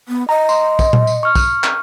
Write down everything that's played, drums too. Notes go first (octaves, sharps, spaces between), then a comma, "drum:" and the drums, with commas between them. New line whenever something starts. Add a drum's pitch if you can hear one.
B3
D#5 A#5
C6, drum: tambourine
drum: kick, tambourine
drum: tom A#2
drum: tambourine
C#6 F6
drum: kick, tambourine
drum: clap